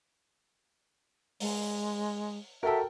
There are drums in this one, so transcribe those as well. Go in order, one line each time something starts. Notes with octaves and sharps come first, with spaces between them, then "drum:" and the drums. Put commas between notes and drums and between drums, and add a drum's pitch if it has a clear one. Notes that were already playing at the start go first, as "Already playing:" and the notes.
G#3, drum: open hi-hat
F#4 A4 A#4 E5 G5 A5